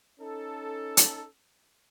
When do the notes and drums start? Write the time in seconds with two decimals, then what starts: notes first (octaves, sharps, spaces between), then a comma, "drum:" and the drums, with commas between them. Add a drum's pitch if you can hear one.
0.20 C#4 D#4 A4
0.97 drum: hi-hat